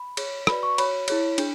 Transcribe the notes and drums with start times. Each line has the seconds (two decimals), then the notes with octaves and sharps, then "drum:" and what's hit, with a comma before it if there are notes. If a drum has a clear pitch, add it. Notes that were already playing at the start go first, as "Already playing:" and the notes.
Already playing: B5
0.17 G#4 C#5, drum: cymbal
0.47 F#4 B4 D5 B5, drum: rim click
0.63 C#6
0.78 F#4 C#5 B5, drum: cymbal
1.08 E4 G#4 C#5, drum: cymbal
1.38 D4 G#4, drum: cymbal